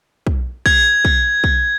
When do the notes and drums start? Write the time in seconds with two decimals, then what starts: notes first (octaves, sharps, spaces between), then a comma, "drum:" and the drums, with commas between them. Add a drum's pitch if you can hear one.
0.27 drum: kick
0.66 G#6, drum: kick
1.05 drum: kick
1.44 drum: kick